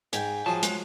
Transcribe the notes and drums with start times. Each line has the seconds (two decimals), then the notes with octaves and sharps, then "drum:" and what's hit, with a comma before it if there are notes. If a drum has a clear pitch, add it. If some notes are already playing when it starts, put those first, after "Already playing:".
0.13 G#2 G5 G#5, drum: hi-hat
0.46 F3 F#3 G#4 A5
0.63 G#3, drum: hi-hat